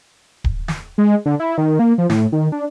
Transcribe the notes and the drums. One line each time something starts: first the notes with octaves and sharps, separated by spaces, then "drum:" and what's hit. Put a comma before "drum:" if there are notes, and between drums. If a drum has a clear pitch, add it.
drum: kick D1
drum: snare
G#3
D3
E4
D#3
A#3
F3
A2, drum: snare
D#3
D4